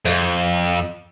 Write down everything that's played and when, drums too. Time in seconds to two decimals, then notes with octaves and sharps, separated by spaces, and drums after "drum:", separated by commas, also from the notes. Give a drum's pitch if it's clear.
0.05 F2, drum: hi-hat